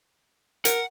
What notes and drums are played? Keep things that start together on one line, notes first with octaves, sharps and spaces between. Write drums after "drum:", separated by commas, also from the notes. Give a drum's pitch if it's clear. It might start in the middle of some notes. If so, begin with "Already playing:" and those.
A#4 F#5, drum: hi-hat